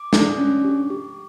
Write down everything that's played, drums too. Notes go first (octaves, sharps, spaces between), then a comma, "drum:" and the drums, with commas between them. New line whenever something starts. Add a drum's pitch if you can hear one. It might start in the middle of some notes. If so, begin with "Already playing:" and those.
Already playing: D6
D4, drum: snare
C#4
G4
G4